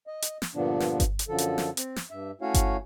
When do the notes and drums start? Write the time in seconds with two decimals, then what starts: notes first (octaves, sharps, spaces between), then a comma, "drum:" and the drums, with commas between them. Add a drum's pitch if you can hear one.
0.07 D#5
0.22 drum: hi-hat
0.42 drum: snare
0.55 G2 A#2 D3 F3 B3 D4
0.80 drum: snare
1.00 drum: kick G1, hi-hat
1.19 drum: hi-hat
1.28 F#2 D3 F3 A4
1.38 drum: hi-hat
1.58 drum: snare
1.77 C4, drum: hi-hat
1.96 drum: snare
2.10 G2 E5
2.42 A3 C#4 E4 F#4 C#5 F5
2.54 drum: kick G1, hi-hat